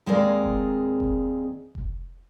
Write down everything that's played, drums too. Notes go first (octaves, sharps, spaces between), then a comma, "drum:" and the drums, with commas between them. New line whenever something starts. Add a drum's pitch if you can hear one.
D#2 G#3 C4 G#4 A#4 D5
drum: kick F1
drum: kick F1
drum: kick F1